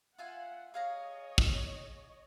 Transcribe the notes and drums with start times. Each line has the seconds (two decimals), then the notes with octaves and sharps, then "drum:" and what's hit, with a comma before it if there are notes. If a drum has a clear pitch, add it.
0.18 F4 E5 F#5 G#5
0.74 G#4 C#5 D#5 F5 A#5
1.38 drum: kick